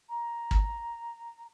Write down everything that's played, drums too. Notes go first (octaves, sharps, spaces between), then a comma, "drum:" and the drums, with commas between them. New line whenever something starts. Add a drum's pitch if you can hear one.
A#5
drum: kick